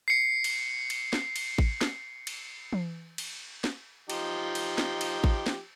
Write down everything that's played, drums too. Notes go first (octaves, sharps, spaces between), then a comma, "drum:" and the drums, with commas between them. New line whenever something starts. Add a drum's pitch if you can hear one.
C7 C#7
drum: cymbal
drum: cymbal
drum: snare
drum: cymbal
drum: kick A1
drum: snare
drum: cymbal
drum: tom E3
drum: cymbal
drum: snare
F3 D#4 G4, drum: cymbal
drum: cymbal
drum: snare
drum: cymbal
drum: kick A1
drum: snare